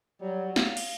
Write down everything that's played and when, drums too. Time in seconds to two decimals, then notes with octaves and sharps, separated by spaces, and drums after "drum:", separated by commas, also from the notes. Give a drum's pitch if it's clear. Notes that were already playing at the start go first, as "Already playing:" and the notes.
0.21 F#3 G3
0.56 F5, drum: snare
0.77 drum: cymbal